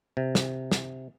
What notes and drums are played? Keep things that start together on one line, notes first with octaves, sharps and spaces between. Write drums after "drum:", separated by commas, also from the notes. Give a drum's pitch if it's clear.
C3
drum: snare
drum: snare